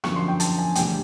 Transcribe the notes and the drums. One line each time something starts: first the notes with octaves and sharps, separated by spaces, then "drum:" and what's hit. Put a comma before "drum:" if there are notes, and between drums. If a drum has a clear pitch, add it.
F#2 D3 F3 C#6, drum: rim click
C6
G5
A5, drum: hi-hat
G#5
D2 C3 E3 G3 G5, drum: hi-hat